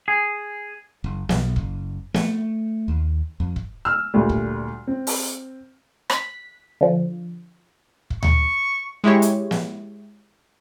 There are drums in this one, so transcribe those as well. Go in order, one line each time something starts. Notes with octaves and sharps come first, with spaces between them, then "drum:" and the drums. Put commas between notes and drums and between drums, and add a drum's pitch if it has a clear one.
G#4
F#1
B1, drum: snare
F#1, drum: kick
A3, drum: snare
D#2
F2
drum: kick
E6 F6
D2 A#2 G3 A3
drum: kick
C4
drum: open hi-hat
F#6 B6, drum: rim click
D3 F3
drum: kick
C#6, drum: tom D2
G#3 E4 G4 C#5
drum: hi-hat
drum: snare